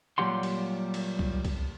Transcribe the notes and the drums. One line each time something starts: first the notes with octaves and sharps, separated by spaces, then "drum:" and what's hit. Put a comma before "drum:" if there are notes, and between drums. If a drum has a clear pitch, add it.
A#2 F#3 G3 G4 F#5 C6
drum: cymbal
drum: cymbal
drum: kick
drum: kick, cymbal